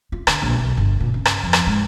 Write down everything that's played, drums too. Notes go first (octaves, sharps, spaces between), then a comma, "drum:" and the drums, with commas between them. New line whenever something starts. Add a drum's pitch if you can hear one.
F4
D3, drum: rim click
A#1
B1
G1
A#2
C#3
drum: rim click
F2
drum: rim click
G#2